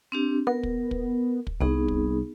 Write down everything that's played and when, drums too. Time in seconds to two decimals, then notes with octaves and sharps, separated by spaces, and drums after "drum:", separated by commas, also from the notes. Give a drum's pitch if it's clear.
0.12 C4 D4 G4
0.47 B3 A#4
0.63 drum: kick
0.91 drum: kick
1.47 drum: kick
1.61 C2 B3 D#4 G#4
1.88 drum: kick